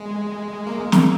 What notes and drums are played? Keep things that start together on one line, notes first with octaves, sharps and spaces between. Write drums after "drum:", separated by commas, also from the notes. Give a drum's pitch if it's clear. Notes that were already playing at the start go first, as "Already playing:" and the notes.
Already playing: G#3
A#3
G#3
A#3, drum: snare